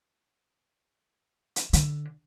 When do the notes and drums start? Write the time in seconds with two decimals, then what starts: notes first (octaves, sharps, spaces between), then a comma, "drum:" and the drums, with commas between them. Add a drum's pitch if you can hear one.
1.56 drum: hi-hat
1.73 D3, drum: hi-hat